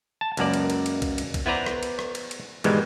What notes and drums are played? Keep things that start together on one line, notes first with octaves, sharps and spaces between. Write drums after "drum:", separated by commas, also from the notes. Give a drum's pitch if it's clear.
A5
C#2 F#2 A#3 D5, drum: cymbal
drum: cymbal
drum: cymbal
drum: cymbal
drum: kick B1, cymbal
drum: cymbal
drum: kick B1, cymbal
B3 E4 B4 C5 D5 A#5
drum: rim click
drum: cymbal
drum: rim click
drum: cymbal
drum: cymbal
G#2 B2 D#3 E3 G3 G#3, drum: cymbal